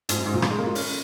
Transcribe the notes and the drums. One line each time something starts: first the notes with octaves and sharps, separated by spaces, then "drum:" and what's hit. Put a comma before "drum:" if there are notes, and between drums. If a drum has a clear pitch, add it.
G#2, drum: hi-hat
F#2
G#2
A#2
C#3, drum: rim click
G#3
A#3
F4
C#4, drum: open hi-hat